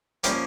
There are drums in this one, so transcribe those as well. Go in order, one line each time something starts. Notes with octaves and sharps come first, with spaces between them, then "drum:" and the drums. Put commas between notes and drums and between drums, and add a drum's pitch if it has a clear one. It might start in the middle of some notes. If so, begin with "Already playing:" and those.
F3 G3 A#3 C#4 G4, drum: hi-hat